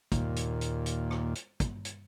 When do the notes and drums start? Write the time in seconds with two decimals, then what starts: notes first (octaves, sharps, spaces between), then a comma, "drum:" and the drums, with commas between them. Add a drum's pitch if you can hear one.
0.12 D#2 A#2, drum: kick, hi-hat
0.36 drum: hi-hat
0.61 drum: hi-hat
0.86 drum: hi-hat
1.11 drum: rim click
1.35 drum: hi-hat
1.60 drum: kick, hi-hat
1.85 drum: hi-hat